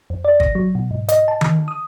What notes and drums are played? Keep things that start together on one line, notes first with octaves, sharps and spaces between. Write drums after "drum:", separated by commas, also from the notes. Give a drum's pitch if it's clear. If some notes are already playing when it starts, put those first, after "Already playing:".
F2
D5
A#6, drum: kick
F#3
B2
G#2
D#5, drum: hi-hat
A5
drum: tom D#3
D#6